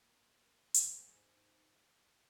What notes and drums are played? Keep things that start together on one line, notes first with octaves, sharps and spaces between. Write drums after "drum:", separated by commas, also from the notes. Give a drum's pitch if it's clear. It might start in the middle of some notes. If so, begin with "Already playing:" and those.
Already playing: A#2
B2, drum: hi-hat
A#2
G#2
F#2
G#2